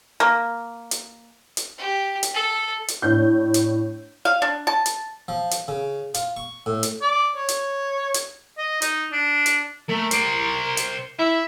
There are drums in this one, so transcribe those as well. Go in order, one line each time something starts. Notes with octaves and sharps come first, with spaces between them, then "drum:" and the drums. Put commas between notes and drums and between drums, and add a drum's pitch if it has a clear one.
A#3
drum: hi-hat
drum: hi-hat
G4
drum: hi-hat
A4
drum: hi-hat
A2 D4 G6
drum: hi-hat
F5
D4
A5
drum: hi-hat
F3
drum: hi-hat
C#3
F4, drum: hi-hat
C#6
A2
drum: hi-hat
D5
C#5
drum: hi-hat
drum: hi-hat
D#5
D#4, drum: hi-hat
D4
drum: hi-hat
A3 A#4
C5 D5, drum: hi-hat
drum: hi-hat
E4 E5